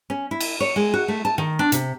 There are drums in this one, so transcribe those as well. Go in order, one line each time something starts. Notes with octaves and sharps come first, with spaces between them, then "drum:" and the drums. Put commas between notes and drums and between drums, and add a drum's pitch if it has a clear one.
C#4
E4
drum: cymbal
C#5
G#3
F#4
A3
A5
D#3
D4
C3, drum: hi-hat